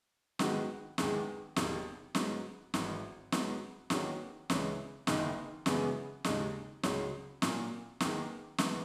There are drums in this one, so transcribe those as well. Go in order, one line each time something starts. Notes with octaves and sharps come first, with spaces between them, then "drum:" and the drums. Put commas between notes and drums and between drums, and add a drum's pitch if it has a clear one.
G#2 D#3 G#3 B3 F#4, drum: snare
E2 D#3 G#3, drum: snare
E1 D#2 D#3, drum: snare
G#2 F#3 B3, drum: snare
G#1 G#2 E3, drum: snare
G#2 F#3 B3, drum: snare
E2 D#3 A#3 C#4 F#4, drum: snare
C#2 C#3 E3 G#3 C#4, drum: snare
F#1 E2 D#3 A#3 D#4, drum: snare
F#2 C#3 E3 G#3 B3, drum: snare
D#2 C#3 G#3 D#4, drum: snare
C#2 C#3 F#3 C#4, drum: snare
A#2 F#3 A#3, drum: snare
E2 D#3 A#3, drum: snare
G#2 E3 B3, drum: snare